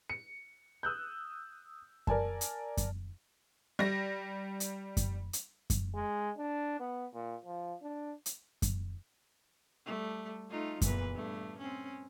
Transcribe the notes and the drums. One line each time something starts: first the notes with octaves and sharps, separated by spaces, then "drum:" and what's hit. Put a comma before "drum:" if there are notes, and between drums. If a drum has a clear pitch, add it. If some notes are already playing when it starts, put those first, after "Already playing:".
C#7
D#6 E6 F#6 G6
A#4 D5 G#5 A5, drum: kick F#2
drum: hi-hat
drum: kick F#2, hi-hat
G3 A#6
drum: hi-hat
drum: kick F#2, hi-hat
drum: hi-hat
drum: kick F#2, hi-hat
G#3
D4
B3
A#2
F3
D4
drum: hi-hat
drum: kick F#2, hi-hat
G3 A3
A3 D#4 F4
E2 A#2 B4, drum: kick F#2, hi-hat
G2 A3
C4 C#4